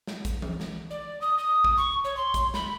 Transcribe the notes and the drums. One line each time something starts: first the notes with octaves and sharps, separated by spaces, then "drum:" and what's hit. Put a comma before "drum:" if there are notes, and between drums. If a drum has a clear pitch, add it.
drum: snare
drum: kick A#1, hi-hat
drum: tom E3
drum: snare
D5
D#6
D#6
drum: kick A#1
C#6
C#5
C6
drum: kick A#1, hi-hat
B5, drum: snare